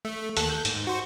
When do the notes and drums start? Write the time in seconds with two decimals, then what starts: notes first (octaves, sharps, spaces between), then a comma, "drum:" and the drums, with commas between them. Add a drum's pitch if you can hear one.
0.05 A3
0.37 D#2 A4 F#6, drum: hi-hat
0.50 G6
0.65 G#2, drum: hi-hat
0.87 F#4 C5 C#6